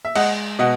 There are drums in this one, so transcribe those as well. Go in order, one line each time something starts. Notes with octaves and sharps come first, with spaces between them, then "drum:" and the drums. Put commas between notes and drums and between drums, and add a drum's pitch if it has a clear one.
E5
G#3 D#5 F#5, drum: cymbal
B2 D#5 F#5